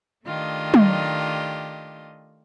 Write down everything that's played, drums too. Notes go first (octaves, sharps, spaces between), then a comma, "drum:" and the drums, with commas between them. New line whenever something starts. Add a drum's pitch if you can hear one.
D#3 A3 D4 F4 G4 D#5
drum: tom